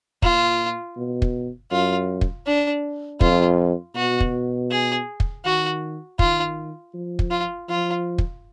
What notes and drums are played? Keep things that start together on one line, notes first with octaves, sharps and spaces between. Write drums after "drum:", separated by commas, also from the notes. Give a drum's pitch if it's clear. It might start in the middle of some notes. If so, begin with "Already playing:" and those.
A#2 F4, drum: kick
B2
drum: kick
F#2 F4
drum: kick
D4
F2 F4, drum: kick
B2 F#4
drum: kick
G#4
drum: kick
D#3 F#4
D#3 F4, drum: kick
F3
drum: kick
F4
F3 F4
drum: kick